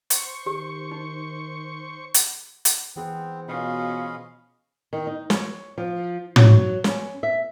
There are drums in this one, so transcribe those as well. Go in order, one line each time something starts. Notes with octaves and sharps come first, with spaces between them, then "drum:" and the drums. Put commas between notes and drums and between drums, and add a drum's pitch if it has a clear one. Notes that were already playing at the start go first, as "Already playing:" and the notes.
C5 C#6, drum: hi-hat
D#3 G4
D#4
drum: hi-hat
drum: hi-hat
E3 B3 C4 G#4 C5
B2 C#4 F4 D#5 F5 B5
D#3
D#4
C#5, drum: snare
F3
F#3, drum: tom
C#4, drum: snare
E5